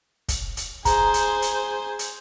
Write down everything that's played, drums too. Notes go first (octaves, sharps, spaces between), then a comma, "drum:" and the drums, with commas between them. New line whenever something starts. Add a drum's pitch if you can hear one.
drum: kick, hi-hat
drum: hi-hat
G#4 C5 A#5, drum: kick, hi-hat
drum: hi-hat
drum: hi-hat
drum: hi-hat